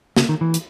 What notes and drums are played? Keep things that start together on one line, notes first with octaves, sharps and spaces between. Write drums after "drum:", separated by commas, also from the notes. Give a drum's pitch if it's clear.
C#3, drum: snare
D#3
E3
drum: hi-hat